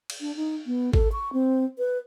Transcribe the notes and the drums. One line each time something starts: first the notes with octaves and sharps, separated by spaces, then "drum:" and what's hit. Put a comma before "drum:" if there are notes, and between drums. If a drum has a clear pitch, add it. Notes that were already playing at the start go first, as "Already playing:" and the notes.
drum: cymbal
D4
D#4
B3
A4, drum: kick
C#6
C4
B4